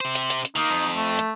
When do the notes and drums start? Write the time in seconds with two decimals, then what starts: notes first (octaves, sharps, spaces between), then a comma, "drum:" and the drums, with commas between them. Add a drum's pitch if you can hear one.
0.01 C3 C5
0.15 drum: hi-hat
0.30 drum: hi-hat
0.45 drum: hi-hat
0.56 D#3 A#3 D#4
0.70 F2
0.96 A3
1.19 drum: hi-hat